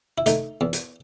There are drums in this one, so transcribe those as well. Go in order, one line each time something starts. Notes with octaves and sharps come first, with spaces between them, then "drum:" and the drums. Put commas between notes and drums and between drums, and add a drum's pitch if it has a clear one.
E4
A3 D#4, drum: hi-hat
E2
drum: hi-hat